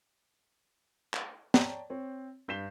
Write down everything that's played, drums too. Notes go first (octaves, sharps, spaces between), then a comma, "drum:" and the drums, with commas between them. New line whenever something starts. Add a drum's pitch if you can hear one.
drum: clap
C#5 D5 G5 A5 A#5, drum: snare
C4 C5 C#5
G2 G6 B6 C7 E7 G7